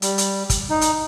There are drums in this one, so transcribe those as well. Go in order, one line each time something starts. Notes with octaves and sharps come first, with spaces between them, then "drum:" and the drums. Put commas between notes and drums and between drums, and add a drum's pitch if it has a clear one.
G3, drum: hi-hat
drum: hi-hat
drum: kick, hi-hat
D#4
drum: hi-hat